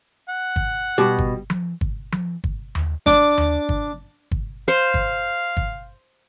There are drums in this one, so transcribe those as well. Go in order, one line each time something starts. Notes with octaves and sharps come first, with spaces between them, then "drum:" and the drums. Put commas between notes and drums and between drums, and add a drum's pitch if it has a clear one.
F#5
drum: kick G1
B2 G3 G4 D6
drum: kick G1
drum: tom F3
drum: kick G1
drum: tom F3
drum: kick G1
drum: tom D#2
D4 D6, drum: kick G1
drum: tom D#2
drum: kick G1
drum: kick G1
C5 F5
drum: kick G1
drum: kick G1